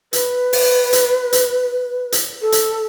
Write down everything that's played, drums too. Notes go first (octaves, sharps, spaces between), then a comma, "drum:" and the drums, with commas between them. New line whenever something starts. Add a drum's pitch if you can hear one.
B4, drum: hi-hat
drum: open hi-hat
drum: hi-hat
drum: hi-hat
drum: hi-hat
A4
drum: hi-hat